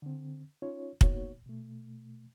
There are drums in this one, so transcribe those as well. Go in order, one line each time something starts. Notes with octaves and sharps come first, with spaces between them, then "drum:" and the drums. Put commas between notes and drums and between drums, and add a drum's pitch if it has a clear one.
D3 C4
C#4 D#4 F4 C#5
A#3 B3 D#4 F#4 C#5, drum: kick
B2 A3